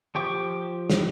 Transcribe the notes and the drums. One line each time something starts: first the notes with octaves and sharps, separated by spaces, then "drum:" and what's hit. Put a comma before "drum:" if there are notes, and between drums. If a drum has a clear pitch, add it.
F3 G4 G5 C#6 D6
drum: snare